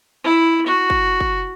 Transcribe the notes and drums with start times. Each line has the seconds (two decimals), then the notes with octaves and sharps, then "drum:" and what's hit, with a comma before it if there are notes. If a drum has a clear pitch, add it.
0.24 E4
0.66 F#4
0.90 drum: kick
1.20 drum: kick